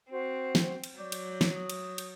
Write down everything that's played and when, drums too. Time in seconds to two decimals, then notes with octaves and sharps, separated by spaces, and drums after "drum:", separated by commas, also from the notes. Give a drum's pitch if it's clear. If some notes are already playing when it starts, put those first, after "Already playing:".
0.11 C4 F#4 C5
0.55 drum: snare
0.84 drum: cymbal
0.98 F#3 D5 D6 G6
1.12 drum: cymbal
1.41 drum: snare
1.55 D#6
1.70 drum: cymbal
1.98 drum: cymbal